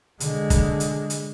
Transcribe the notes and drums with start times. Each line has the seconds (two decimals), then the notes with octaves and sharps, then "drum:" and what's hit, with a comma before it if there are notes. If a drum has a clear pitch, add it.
0.20 D3 G#3, drum: hi-hat
0.50 drum: kick, hi-hat
0.80 drum: hi-hat
1.10 drum: hi-hat